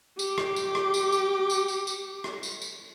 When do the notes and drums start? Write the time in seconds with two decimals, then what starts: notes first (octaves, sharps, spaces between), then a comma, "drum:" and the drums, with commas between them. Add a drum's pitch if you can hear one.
0.19 G4 D6, drum: tambourine
0.38 drum: rim click
0.56 drum: tambourine
0.75 drum: rim click
0.94 drum: tambourine
1.12 drum: tambourine
1.50 drum: tambourine
1.68 drum: tambourine
1.87 drum: tambourine
2.24 drum: rim click
2.43 drum: tambourine
2.62 drum: tambourine